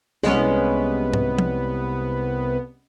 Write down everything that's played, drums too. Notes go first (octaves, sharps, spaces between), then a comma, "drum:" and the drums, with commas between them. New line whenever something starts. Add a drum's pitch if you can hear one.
C2 G#3 B3 C#4, drum: snare
drum: tom G#2
drum: tom